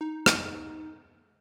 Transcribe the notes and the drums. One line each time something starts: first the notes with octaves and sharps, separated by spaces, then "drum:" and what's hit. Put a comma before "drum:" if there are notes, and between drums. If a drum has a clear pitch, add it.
D#4
drum: rim click